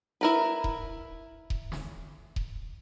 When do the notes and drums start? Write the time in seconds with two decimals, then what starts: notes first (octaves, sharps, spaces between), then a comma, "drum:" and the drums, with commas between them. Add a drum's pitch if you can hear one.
0.21 E4 A#4 B4
0.64 drum: kick D#1
1.50 drum: kick D#1
1.72 drum: snare
2.36 drum: kick D#1